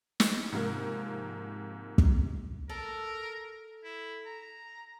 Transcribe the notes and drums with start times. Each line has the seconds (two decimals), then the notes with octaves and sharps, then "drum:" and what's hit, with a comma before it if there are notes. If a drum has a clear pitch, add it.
0.20 drum: snare
0.52 G#2 C3 F3 A#3 A#4
1.98 drum: kick
2.69 A4 A#4
3.84 E4
4.26 A#5